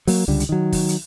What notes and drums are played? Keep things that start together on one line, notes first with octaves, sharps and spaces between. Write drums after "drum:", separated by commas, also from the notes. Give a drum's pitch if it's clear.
F#3 A#3, drum: open hi-hat
C#2 D3 G3
drum: hi-hat
D#3 F#3
drum: kick, open hi-hat
drum: hi-hat